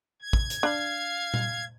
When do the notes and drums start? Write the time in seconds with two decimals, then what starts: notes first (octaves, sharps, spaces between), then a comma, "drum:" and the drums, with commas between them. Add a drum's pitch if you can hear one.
0.22 G#6
0.33 drum: kick
0.50 drum: hi-hat
0.63 D4 F5 B5
1.34 drum: tom A#2